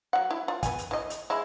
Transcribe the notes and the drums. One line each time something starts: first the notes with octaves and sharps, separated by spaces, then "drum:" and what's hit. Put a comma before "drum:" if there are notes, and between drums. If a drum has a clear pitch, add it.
F#3 F#5
E4
F4
B3 G#5, drum: kick, hi-hat
drum: hi-hat
E3 D#5
drum: hi-hat
G#3 E4